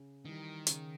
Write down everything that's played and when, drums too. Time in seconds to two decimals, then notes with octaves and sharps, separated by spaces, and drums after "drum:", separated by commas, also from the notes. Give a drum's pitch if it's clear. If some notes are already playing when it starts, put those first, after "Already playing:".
Already playing: C#3
0.25 D#3 E3 G3
0.67 C#3, drum: hi-hat